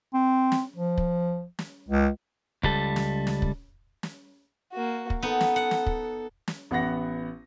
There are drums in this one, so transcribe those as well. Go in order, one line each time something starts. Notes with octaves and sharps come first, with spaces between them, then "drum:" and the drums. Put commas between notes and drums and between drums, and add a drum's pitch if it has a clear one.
C4
drum: snare
F3
drum: kick
drum: snare
C#2
C#2 G3 A4, drum: kick
drum: snare
drum: snare
drum: kick
drum: snare
A#3 F#4
drum: kick
B3 D#4 A4
drum: snare
F#5
drum: snare
drum: kick
drum: snare
A1 B3 F#5 A#6